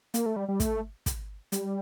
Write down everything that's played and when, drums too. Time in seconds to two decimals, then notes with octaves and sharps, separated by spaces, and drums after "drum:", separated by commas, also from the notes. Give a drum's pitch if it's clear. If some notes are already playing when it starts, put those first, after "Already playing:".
0.14 A#3, drum: hi-hat
0.26 A3
0.36 G3
0.48 G3
0.60 A3, drum: kick, hi-hat
1.06 drum: kick, hi-hat
1.52 G3, drum: hi-hat